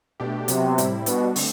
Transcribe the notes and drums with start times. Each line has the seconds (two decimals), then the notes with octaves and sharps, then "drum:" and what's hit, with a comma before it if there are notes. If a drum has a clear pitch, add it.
0.20 B2 A3 D4 G4
0.48 C3 F#3 B3 F#4, drum: hi-hat
0.78 A2 G3 C4 E4, drum: hi-hat
1.06 B2 G3 B3 D4 F#4, drum: hi-hat
1.36 D3 A3 C4, drum: open hi-hat